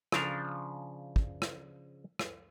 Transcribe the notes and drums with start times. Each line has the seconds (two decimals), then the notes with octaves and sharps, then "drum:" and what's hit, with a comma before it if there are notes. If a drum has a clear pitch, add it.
0.12 C#3 F3 D4 A#5, drum: rim click
1.16 drum: kick
1.42 drum: rim click
2.19 drum: rim click